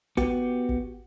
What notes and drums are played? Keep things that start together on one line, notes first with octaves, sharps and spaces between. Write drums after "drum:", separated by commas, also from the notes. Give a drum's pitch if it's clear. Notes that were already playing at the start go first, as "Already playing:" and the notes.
B3 F#4 G4, drum: kick, hi-hat
drum: kick